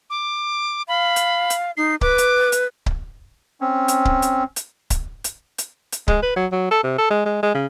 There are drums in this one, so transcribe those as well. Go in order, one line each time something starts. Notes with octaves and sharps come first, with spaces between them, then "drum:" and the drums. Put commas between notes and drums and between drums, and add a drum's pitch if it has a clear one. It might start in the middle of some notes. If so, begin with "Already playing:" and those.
D6
F5 B5
drum: hi-hat
drum: hi-hat
D#4 C7
B4 D6, drum: kick C#1
drum: hi-hat
drum: hi-hat
drum: kick C#1
C4 C#4
drum: hi-hat
drum: kick C#1
drum: hi-hat
drum: hi-hat
drum: kick C#1, hi-hat
drum: hi-hat
drum: hi-hat
drum: hi-hat
G#3, drum: kick C#1
B4
F#3
F#3
A4
C3
A4
G#3
G#3
G#3
C#3